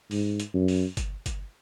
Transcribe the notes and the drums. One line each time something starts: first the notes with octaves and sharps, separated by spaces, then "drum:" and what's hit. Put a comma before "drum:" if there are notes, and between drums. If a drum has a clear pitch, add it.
G#2, drum: open hi-hat
drum: hi-hat
F#2
drum: open hi-hat
drum: kick G1, hi-hat
drum: kick G1, hi-hat